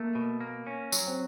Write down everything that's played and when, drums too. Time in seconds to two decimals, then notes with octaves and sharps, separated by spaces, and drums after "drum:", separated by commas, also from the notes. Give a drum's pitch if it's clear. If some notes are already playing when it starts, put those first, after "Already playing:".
Already playing: A3 A#3
0.15 B2
0.41 A#3
0.67 C#4
0.92 F#3, drum: tambourine
1.07 C4